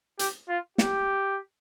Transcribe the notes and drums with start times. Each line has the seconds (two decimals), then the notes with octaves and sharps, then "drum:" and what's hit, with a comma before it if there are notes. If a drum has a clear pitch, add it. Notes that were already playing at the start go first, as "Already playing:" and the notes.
0.19 G4, drum: hi-hat
0.49 F4
0.78 G4, drum: snare